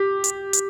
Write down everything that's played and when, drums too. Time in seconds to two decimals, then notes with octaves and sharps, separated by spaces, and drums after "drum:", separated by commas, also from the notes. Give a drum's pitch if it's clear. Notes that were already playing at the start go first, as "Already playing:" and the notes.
Already playing: G4
0.24 drum: hi-hat
0.53 drum: hi-hat